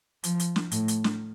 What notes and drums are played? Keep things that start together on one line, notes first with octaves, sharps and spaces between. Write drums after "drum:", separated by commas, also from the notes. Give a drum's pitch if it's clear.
F3, drum: hi-hat
drum: hi-hat
drum: snare
A2, drum: hi-hat
drum: hi-hat
drum: snare